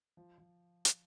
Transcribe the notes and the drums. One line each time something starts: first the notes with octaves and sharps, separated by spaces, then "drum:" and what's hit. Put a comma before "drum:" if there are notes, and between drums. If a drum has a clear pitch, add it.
F3
F3
drum: hi-hat